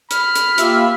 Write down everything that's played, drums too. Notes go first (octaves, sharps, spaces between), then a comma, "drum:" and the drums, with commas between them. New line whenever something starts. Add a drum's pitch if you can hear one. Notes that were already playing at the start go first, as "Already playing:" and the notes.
B5 F6, drum: hi-hat
drum: hi-hat
A#3 F4 G4 E5, drum: hi-hat